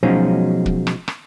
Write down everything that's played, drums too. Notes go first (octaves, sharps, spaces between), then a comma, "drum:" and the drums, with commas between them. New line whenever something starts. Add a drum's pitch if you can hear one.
B2 F3 F#3 G#3 C#4 D#4
drum: kick
drum: rim click
drum: rim click